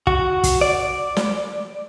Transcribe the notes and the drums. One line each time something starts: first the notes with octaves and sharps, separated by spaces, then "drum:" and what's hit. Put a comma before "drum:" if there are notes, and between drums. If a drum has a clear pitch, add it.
F#4, drum: kick
drum: kick, hi-hat
D5
drum: snare